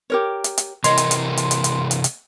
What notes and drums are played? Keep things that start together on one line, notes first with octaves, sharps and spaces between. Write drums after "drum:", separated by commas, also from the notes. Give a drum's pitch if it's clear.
G4 A#4 C#5
drum: hi-hat
drum: hi-hat
C3 E3 A#4 C#5 D#5 C6, drum: hi-hat
drum: hi-hat
drum: hi-hat
drum: hi-hat
drum: hi-hat
drum: hi-hat
drum: hi-hat
drum: hi-hat